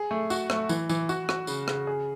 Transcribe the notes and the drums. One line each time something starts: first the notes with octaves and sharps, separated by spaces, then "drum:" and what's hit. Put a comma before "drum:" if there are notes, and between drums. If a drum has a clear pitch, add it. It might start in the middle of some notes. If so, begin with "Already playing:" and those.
Already playing: G#4
A3
F#4, drum: tambourine
A3, drum: rim click
E3, drum: tambourine
E3, drum: tambourine
F#4, drum: tambourine
F#4, drum: rim click
C#3, drum: tambourine
C#3, drum: rim click
G#4